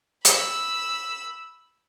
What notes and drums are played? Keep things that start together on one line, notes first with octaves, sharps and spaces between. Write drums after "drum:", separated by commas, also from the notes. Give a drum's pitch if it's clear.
B5 E6, drum: hi-hat